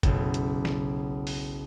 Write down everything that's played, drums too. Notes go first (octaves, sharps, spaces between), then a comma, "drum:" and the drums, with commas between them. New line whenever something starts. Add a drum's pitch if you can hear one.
F#1 B1, drum: kick G1, hi-hat
drum: hi-hat
drum: snare
drum: open hi-hat